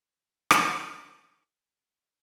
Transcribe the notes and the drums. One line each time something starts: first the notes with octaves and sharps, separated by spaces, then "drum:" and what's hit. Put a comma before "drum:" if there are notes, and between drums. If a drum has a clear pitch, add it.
G3
drum: rim click
E3
D3
D3